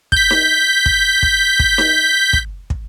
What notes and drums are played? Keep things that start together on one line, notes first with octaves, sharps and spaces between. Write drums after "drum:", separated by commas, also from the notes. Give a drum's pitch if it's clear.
G6 B6, drum: kick
drum: snare D#4
drum: kick
drum: kick
drum: kick
drum: snare D#4
drum: kick
drum: kick